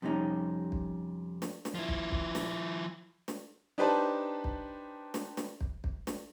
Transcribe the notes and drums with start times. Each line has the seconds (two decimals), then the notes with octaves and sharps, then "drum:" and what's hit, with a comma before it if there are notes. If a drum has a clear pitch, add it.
0.02 F2 C3 G3 C#4 D#4
0.72 drum: kick
1.42 drum: snare
1.65 drum: snare
1.75 F3 E4
1.88 drum: kick
2.12 drum: kick
2.35 drum: snare
3.28 drum: snare
3.78 D4 D#4 G4 B4 C5 A5
4.44 drum: kick
5.14 drum: snare
5.37 drum: snare
5.61 drum: kick
5.84 drum: kick
6.07 drum: snare